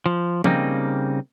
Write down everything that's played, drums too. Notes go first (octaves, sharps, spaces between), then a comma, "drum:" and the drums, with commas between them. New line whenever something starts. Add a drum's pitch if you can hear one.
F3
C#3 G3 A#3 C4 D#4, drum: tom F3